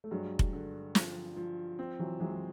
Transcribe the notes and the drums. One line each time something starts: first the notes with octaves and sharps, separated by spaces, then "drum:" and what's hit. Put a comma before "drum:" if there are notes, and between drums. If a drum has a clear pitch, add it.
A3
G2 F#3 G#3
drum: kick F1
D3
F3, drum: snare
F3
C4
E3 F#3
E3 F#3 G#3
F#3